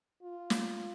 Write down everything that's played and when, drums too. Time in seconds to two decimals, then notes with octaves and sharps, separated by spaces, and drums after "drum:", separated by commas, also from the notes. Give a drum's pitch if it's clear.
0.23 F4
0.50 drum: snare